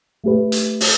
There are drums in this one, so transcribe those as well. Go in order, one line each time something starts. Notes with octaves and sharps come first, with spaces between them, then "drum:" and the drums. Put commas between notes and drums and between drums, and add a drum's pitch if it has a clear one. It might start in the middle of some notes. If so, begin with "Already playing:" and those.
A3 G4 B4
drum: hi-hat
drum: open hi-hat